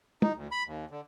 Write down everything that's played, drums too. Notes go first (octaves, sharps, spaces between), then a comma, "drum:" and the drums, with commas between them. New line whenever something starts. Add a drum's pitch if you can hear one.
D#4, drum: tom
D2
B5
D#2
D3